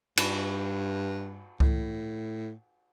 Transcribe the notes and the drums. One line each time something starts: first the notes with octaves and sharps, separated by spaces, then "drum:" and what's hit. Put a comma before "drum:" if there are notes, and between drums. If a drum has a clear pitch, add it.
G2, drum: cymbal
A2, drum: kick C#2